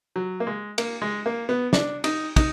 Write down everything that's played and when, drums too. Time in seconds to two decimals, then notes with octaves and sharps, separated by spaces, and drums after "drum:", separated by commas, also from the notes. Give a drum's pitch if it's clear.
0.16 F#3
0.40 A#3
0.47 G#3
0.78 A#3, drum: cymbal
1.02 G#3
1.26 A#3
1.49 B3
1.73 D4, drum: snare
2.04 D#4, drum: cymbal
2.36 D#4, drum: kick, cymbal